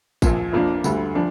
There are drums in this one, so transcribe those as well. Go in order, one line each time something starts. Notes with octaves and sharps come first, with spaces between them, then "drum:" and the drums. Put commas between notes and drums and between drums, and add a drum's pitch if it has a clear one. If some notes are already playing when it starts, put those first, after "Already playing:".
A#1 A#2 F3, drum: kick G#1, tambourine
F2 F3 A#3 D4
D2 D3 G3, drum: tambourine
F3 D4